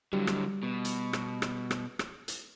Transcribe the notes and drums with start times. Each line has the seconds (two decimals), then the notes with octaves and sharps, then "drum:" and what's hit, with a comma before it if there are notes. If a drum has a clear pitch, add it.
0.13 D3 F#3 G3
0.27 drum: rim click
0.63 B2
0.85 drum: hi-hat
1.13 drum: rim click
1.42 drum: rim click
1.71 drum: rim click
1.99 drum: rim click
2.28 drum: hi-hat